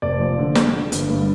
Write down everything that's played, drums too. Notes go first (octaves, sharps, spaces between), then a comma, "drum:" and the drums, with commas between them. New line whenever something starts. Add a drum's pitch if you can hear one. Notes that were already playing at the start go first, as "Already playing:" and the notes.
F1 D5
F3
D3
D3, drum: snare
D3
G1, drum: hi-hat
G2